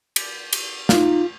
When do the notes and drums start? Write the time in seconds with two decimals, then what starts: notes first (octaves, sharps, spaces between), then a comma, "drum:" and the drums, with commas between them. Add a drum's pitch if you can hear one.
0.16 drum: cymbal
0.53 drum: cymbal
0.89 D#4 F4, drum: snare